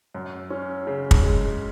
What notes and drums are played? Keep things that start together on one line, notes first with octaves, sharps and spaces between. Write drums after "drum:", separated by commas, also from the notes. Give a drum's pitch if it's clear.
F#2
C#4
C#3
drum: kick
G#3